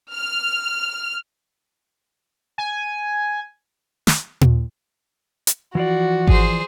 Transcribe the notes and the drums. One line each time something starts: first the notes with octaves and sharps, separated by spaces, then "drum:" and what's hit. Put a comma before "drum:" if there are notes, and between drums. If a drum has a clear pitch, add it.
F6
G#5
drum: snare
drum: tom A#2
drum: hi-hat
E3 F3 F#4 D5
G#4 C5, drum: kick G#1